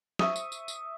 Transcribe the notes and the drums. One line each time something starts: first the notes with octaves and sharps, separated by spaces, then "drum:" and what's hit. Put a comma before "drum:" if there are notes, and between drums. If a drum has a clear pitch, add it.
E5 C#6 D#6, drum: snare
drum: tambourine
drum: tambourine
drum: tambourine